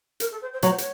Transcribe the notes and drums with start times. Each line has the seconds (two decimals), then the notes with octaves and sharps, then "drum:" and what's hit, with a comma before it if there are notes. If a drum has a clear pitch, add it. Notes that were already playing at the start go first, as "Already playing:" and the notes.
0.20 A#4, drum: hi-hat
0.31 A4
0.41 C5
0.53 C5
0.62 F#3 C#5, drum: hi-hat
0.70 C5
0.78 C#5, drum: hi-hat